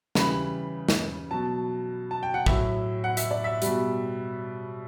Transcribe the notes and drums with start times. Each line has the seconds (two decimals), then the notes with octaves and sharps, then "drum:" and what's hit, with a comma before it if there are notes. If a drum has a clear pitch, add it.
0.15 C#3 E3 G3 B5, drum: snare
0.89 drum: snare
1.30 B2 F#3 A5
2.11 A5
2.23 G5
2.34 F#5
2.46 A2 F#3 E5, drum: kick
3.04 F#5
3.17 E5, drum: hi-hat
3.31 D5
3.44 E5
3.62 B2 G3, drum: hi-hat